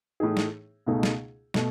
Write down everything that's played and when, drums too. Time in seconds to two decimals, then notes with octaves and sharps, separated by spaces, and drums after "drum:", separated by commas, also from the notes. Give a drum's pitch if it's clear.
0.20 A2 E3 A3 D#4 G#4
0.37 drum: snare
0.86 C#2 B2 A3 D#4 G#4
1.03 drum: snare
1.54 B2 A3, drum: snare